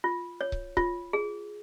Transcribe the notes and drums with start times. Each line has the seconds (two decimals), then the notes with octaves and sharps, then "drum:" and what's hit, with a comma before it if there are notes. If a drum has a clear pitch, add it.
0.04 F4
0.41 C#5
0.52 drum: kick C#1
0.77 F4, drum: kick C#1
1.13 G#4